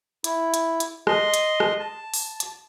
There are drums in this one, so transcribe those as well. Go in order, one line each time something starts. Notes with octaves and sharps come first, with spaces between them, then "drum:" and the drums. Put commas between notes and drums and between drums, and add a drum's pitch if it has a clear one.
E4, drum: hi-hat
drum: hi-hat
drum: hi-hat
D#5 C6, drum: rim click
drum: hi-hat
drum: rim click
A5
drum: open hi-hat
drum: hi-hat